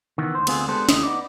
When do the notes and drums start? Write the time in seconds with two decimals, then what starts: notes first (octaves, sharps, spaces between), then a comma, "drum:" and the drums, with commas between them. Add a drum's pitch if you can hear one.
0.18 D#3 E3 B3
0.35 D2 C5
0.47 D2 D3 B3 C4 F4 G#4, drum: cymbal
0.68 G#3 B3 D4 G4 A4 C5
0.89 D#2 A3 E4 G4 D#5, drum: snare
1.03 B3 D#4 D5